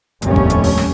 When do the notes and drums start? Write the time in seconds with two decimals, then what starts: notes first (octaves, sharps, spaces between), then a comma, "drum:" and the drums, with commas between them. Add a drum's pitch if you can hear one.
0.22 F1 D#2 A2 G3 A3 C#4, drum: hi-hat
0.36 drum: kick E1
0.50 drum: hi-hat
0.64 drum: open hi-hat
0.78 drum: snare